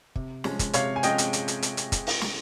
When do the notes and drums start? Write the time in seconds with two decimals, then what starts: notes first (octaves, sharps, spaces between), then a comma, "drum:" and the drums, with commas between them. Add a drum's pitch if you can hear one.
0.16 C3, drum: kick
0.44 F3 G#3 C#4, drum: snare
0.59 drum: kick, hi-hat
0.73 C3 C#5 F5, drum: hi-hat
0.96 G#5
1.03 F3 G#3 C#4 D#5 G5, drum: hi-hat
1.18 drum: hi-hat
1.33 drum: hi-hat
1.48 drum: hi-hat
1.62 drum: hi-hat
1.77 drum: hi-hat
1.92 drum: kick, hi-hat
2.07 drum: open hi-hat
2.21 drum: snare